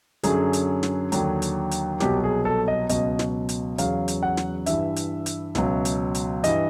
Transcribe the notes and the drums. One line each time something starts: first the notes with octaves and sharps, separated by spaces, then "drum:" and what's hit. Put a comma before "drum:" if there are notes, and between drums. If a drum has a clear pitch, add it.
F#2 D3 F#3 G#4, drum: hi-hat
drum: hi-hat
drum: snare
D#2 D3 F#3, drum: hi-hat
drum: hi-hat
drum: hi-hat
C2 B2 F#3 G4, drum: snare
G#4
A4
D#5
C#2 B2 F#3 D#5, drum: hi-hat
drum: snare
drum: hi-hat
E2 C#3 F#3 F5, drum: hi-hat
drum: hi-hat
F#5
drum: snare
G2 E3 E5, drum: hi-hat
drum: hi-hat
drum: hi-hat
C#2 B2 F#3, drum: snare
drum: hi-hat
drum: hi-hat
G2 E3 D#5, drum: hi-hat